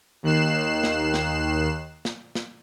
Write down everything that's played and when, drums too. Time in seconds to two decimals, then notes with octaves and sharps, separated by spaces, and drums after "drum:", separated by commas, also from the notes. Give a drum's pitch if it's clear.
0.23 D#2 D#3 F#6 C7 E7
0.84 drum: snare
1.14 drum: snare
2.05 drum: snare
2.35 drum: snare